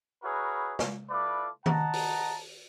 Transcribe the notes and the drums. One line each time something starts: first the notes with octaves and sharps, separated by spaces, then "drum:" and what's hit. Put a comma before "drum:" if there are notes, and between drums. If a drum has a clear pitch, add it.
E4 F#4 G#4 A#4 B4 C#5
drum: snare
E4 F4 A4 B4 D5 D6
D#5 F#5 A5 A#5, drum: tom D#3
drum: open hi-hat